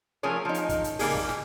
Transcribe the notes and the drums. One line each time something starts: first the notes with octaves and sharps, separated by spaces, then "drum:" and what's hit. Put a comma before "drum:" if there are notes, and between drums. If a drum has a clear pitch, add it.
F3 A3 C#4 G#4 A#4 C#5
F3 D#4
drum: hi-hat
drum: kick, hi-hat
drum: hi-hat
C#3 G3 A#3 D#4 G#4, drum: open hi-hat
A#2, drum: kick
drum: snare